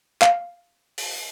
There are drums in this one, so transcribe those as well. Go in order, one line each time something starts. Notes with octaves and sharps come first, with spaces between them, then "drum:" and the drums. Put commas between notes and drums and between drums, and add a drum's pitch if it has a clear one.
F5, drum: clap
drum: open hi-hat